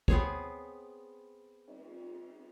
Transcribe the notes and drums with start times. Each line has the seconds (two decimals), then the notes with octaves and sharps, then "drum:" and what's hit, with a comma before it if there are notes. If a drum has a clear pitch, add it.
0.08 B3 C4 G#4 C#5, drum: kick
1.67 drum: cymbal